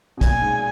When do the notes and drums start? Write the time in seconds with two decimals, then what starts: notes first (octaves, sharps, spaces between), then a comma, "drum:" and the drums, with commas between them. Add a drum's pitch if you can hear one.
0.17 B2
0.21 A#2 G#5, drum: kick, hi-hat
0.42 G#2